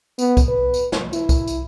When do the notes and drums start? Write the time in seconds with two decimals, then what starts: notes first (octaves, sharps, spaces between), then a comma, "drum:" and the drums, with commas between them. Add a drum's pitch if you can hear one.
0.19 B3, drum: tambourine
0.37 drum: kick C2, tambourine
0.48 B4
0.74 drum: tambourine
0.92 drum: snare
1.13 E4, drum: tambourine
1.29 drum: kick C2, tambourine
1.48 drum: tambourine